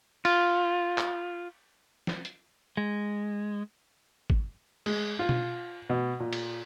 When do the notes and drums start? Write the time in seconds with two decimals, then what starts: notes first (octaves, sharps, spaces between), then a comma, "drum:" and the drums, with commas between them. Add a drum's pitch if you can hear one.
0.25 F4, drum: cymbal
0.98 drum: clap
2.07 drum: snare
2.25 drum: hi-hat
2.77 G#3
4.30 drum: kick
4.86 G#3, drum: cymbal
5.19 F4
5.29 drum: tom B2
5.90 B2
6.20 A#2
6.33 drum: cymbal